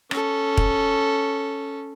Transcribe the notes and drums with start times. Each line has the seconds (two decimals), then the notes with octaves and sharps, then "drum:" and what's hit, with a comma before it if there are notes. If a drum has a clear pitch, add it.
0.11 C#4 A4, drum: rim click
0.57 drum: kick